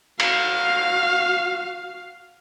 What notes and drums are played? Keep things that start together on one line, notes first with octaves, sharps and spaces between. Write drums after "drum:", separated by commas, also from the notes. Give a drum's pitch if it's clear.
F#4 F5, drum: cymbal